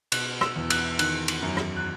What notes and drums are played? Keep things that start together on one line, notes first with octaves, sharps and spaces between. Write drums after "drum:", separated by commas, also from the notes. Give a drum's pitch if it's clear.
B2 F#6, drum: cymbal
E6, drum: rim click
E2
F#6, drum: cymbal
D#3 F#6, drum: cymbal
drum: cymbal
F#2
drum: rim click
F#6